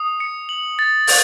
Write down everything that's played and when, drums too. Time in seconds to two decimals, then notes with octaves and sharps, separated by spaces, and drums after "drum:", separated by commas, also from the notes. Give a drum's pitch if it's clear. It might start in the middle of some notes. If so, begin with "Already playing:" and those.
Already playing: D#6
0.20 C#7
0.49 F#7
0.79 A6
1.07 A6, drum: open hi-hat